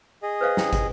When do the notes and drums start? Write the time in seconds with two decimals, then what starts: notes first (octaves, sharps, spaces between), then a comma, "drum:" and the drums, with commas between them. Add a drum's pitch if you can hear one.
0.23 G#4 D#5
0.41 B4 C5 F5
0.57 E4 G5, drum: snare
0.73 drum: kick, hi-hat